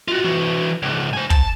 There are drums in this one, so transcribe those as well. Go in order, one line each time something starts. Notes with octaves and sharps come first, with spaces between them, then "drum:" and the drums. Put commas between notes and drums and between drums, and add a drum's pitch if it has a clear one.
F4 F#4
E3 F#4
C#2 G#2
C5 G#5
A5, drum: kick